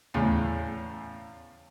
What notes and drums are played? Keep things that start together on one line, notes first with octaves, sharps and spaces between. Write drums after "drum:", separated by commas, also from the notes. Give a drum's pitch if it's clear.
E2 A2 C#3, drum: tom D#2